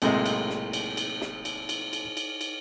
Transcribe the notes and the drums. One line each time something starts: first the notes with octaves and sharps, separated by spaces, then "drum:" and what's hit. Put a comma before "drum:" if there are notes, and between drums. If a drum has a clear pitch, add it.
B1 A2 C3 G#3 A#3 D#5, drum: cymbal
drum: cymbal
drum: snare
drum: cymbal
drum: cymbal
drum: snare
drum: cymbal
drum: cymbal
drum: cymbal
drum: cymbal
drum: cymbal